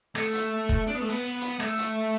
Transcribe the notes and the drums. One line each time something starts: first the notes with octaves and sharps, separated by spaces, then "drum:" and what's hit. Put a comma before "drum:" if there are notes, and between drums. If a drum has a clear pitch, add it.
A3, drum: rim click
drum: hi-hat
drum: kick
D4
B3
A3
B3
drum: hi-hat
A3, drum: rim click
drum: hi-hat